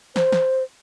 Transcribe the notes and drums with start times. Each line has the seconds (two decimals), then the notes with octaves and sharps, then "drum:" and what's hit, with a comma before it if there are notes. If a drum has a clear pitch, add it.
0.16 C5, drum: snare
0.32 drum: snare